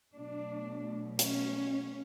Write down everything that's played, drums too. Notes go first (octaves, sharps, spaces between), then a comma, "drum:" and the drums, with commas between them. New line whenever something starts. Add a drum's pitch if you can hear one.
B2 F#3 A3 D4
C#4, drum: hi-hat